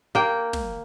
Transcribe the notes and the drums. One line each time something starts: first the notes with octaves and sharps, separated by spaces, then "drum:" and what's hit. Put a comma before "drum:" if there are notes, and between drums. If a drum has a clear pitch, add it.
A#3 G5
drum: snare